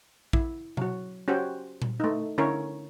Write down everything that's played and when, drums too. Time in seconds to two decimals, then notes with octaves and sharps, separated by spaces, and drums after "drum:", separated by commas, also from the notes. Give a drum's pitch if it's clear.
0.33 E4, drum: kick
0.77 F#3 F#4, drum: tom B2
1.28 C#4 F#4 G4 C5
1.82 drum: tom A#2
2.00 A3 D#4
2.38 D3 C#4 E4 A#4 C#5